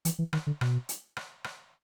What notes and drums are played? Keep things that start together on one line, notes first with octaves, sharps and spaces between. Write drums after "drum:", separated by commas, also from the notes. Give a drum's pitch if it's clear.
E3, drum: hi-hat
E3
D#3, drum: rim click
D3
B2, drum: rim click
drum: hi-hat
drum: rim click
drum: rim click